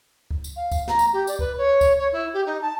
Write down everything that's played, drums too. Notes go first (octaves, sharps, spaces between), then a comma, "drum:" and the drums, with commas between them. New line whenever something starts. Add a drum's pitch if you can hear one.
drum: kick C#2
drum: tambourine
F5
drum: kick C#2, tambourine
A#5, drum: snare
drum: tambourine
G4
D5, drum: tambourine
B4, drum: kick C#2
C#5
drum: kick C#2, tambourine
C#5
E4
G4
D#4
A5